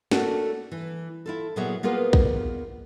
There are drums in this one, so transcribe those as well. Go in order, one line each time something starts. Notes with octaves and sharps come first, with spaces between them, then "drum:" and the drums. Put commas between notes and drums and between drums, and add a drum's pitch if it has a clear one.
A3 A#3 C#4 D4 F#4 A4, drum: snare
E3
E4 F4 A4
A#2 F#3 B3 G#4 C#5 E5
A#3 B3 F4 G#4 A#4 B4
drum: kick A#1